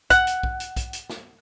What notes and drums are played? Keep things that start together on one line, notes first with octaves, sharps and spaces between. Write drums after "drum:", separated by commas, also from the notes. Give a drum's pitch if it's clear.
F#5, drum: kick, hi-hat
drum: hi-hat
drum: kick
drum: hi-hat
drum: kick, hi-hat
drum: hi-hat
drum: snare